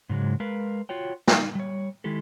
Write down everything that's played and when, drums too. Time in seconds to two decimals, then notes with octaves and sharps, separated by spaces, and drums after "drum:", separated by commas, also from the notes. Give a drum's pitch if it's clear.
0.09 G#2 C#3 F#3 G#3
0.40 G#3 A#4 B4 F5
0.89 F4 F#4 C#5 G5
1.28 D#4 F5, drum: snare
1.55 G3 C#5
2.04 D#3 G#3 E4 G4 A4